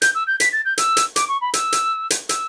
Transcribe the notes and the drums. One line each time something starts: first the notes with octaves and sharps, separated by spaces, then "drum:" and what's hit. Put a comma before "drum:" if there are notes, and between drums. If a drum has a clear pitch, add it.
G6, drum: hi-hat
E6
G6
B6, drum: hi-hat
A6
G6
E6, drum: hi-hat
drum: hi-hat
D6, drum: hi-hat
C#6
B5
E6, drum: hi-hat
drum: hi-hat
drum: hi-hat
E6, drum: hi-hat